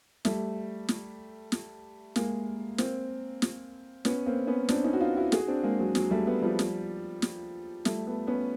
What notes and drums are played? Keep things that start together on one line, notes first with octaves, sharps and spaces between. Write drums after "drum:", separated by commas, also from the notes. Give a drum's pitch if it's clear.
G3 A3, drum: snare
drum: snare
drum: snare
G#3 A#3, drum: snare
A#3 C4, drum: snare
drum: snare
B3 C#4, drum: snare
A#3 C4
B3 C#4
C4 D4, drum: snare
C#4 D#4
F#4
D#4 F4
E4 F#4
F#4 G#4, drum: snare
C4 D4
G#3 A#3
F#3 G#3
F#3 G#3, drum: snare
G3 A3
A3 B3
F3 G3
drum: snare
drum: snare
G3 A3, drum: snare
A3 B3
B3 C#4